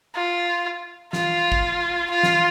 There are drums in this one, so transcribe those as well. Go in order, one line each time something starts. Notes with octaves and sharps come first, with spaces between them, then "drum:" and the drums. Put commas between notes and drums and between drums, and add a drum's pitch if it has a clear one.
F4
F4, drum: snare
drum: kick
F4
drum: snare